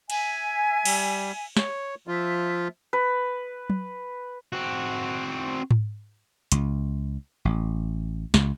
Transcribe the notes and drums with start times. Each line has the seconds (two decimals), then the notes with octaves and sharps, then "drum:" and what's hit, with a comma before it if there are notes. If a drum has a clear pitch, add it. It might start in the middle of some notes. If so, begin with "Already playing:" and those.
0.10 E5 G#5, drum: cymbal
0.85 G3, drum: cymbal
1.57 C#5, drum: snare
2.08 F3 F4 E5
2.93 B4
3.70 drum: tom F#3
4.52 C4 F#4
5.71 drum: tom G#2
6.52 C#2, drum: hi-hat
7.45 A1
8.34 C#2, drum: snare